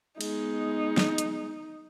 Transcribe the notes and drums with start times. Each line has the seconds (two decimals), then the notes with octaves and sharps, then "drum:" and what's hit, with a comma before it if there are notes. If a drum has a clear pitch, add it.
0.21 G#3 B3 D#4, drum: cymbal
0.97 drum: snare
1.18 drum: hi-hat